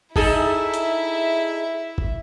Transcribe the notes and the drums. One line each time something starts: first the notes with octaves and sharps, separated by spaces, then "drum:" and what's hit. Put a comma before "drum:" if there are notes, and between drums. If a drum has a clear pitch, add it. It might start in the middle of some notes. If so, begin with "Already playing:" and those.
D#4 E4 G#4 A4 E5, drum: kick
drum: hi-hat
drum: kick